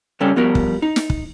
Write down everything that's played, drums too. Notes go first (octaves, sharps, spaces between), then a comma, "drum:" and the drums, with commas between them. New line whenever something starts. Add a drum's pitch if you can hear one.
C#2 G3 C#4 A4 D5 G5
F3 G3 B3 F#4 A#4
drum: kick
D#4
drum: snare
drum: kick